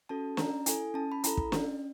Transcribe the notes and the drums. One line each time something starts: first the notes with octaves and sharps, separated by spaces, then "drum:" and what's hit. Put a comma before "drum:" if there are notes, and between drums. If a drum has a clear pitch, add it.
C#4 F#4 A4 A5
C#4 A#5, drum: snare
E4 A4 G#5, drum: hi-hat
C#4 A5
B5
E4 A4 A#5, drum: hi-hat
drum: kick
C#4, drum: snare